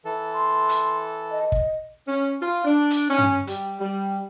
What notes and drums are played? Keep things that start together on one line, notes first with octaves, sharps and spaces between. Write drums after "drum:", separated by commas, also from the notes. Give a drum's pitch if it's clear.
E3 A4
C6
drum: hi-hat
D#5
drum: kick
C#4
F4
D4
drum: hi-hat
C#4
drum: tom G2
G3, drum: hi-hat
G3